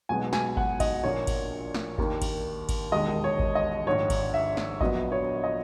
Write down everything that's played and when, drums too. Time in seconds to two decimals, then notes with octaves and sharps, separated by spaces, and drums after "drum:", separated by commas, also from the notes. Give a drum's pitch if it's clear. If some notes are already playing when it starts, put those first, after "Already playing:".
0.09 B1 B2 G#3 B3 G#5
0.33 G#5, drum: snare
0.57 F#5, drum: kick G#1
0.80 D#5, drum: kick G#1, cymbal
1.03 A#1 A#2 A#3 C#5
1.27 drum: kick G#1, cymbal
1.74 drum: snare
1.98 D#2 D#3 A#3, drum: kick G#1
2.22 drum: kick G#1, cymbal
2.69 drum: kick G#1, cymbal
2.92 E1 D#2 D#3 G#3 D#5
3.24 C#5
3.39 drum: kick G#1
3.55 D#5
3.86 A#1 G#2 D#3 C#5
4.10 drum: kick G#1, cymbal
4.34 E5
4.57 drum: snare
4.81 A#1 A#2 F#3 B3 D#5, drum: kick G#1
5.12 C#5
5.44 D#5